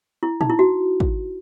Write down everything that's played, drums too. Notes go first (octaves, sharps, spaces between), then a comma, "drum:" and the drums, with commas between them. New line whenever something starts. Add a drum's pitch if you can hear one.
E4
D#4, drum: tom
E4
F#4
drum: kick